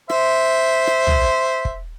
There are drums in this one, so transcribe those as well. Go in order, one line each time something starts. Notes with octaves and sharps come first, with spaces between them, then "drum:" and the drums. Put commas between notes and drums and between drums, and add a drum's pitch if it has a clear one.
C5 E5, drum: rim click
drum: rim click
drum: tom
drum: kick